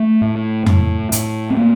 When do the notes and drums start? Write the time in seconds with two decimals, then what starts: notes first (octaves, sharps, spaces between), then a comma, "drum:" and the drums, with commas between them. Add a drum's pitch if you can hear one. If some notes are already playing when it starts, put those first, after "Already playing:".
Already playing: A3
0.22 A2
0.66 A2, drum: tom F2
1.12 A2, drum: hi-hat
1.50 C4
1.57 A#3